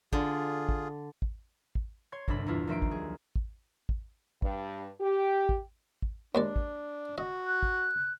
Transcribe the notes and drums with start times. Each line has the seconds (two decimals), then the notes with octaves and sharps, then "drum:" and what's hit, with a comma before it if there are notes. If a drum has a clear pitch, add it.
0.13 D3 F4 G#4, drum: kick
0.69 drum: kick
1.22 drum: kick
1.75 drum: kick
2.12 C#5 C6 G#6
2.28 G1 C2 G2 D4 A4 B5, drum: kick
2.46 E2 A2 E4 F4
2.67 D#2 F3 A#3 E5 C6 D7
2.82 drum: kick
2.91 F#3 G#4
3.36 drum: kick
3.89 drum: kick
4.42 G2, drum: kick
5.01 G4
5.49 drum: kick
6.02 drum: kick
6.35 D#2 G#3 D4 D5
6.56 drum: kick
7.18 F#4 D#5
7.47 F#6
7.63 drum: kick